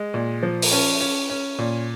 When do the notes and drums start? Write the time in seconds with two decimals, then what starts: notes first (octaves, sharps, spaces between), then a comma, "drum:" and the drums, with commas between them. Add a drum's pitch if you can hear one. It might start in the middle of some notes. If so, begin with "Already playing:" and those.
Already playing: G#3
0.14 A#2
0.43 F3
0.62 drum: open hi-hat
0.72 C#4
1.00 C#4
1.30 C#4
1.58 A#2